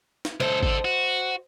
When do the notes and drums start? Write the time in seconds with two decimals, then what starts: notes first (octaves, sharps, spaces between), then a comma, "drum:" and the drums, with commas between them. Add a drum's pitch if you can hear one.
0.25 drum: snare
0.40 C#2 A4 C5 D#5
0.63 D3 A4, drum: kick G#1
0.85 F#4